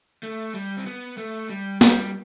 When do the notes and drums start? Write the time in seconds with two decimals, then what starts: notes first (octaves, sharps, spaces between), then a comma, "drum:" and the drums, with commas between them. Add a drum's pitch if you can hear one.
0.23 A3
0.54 G3
0.77 C4
0.86 B3
1.17 A3
1.50 G3
1.81 G3, drum: snare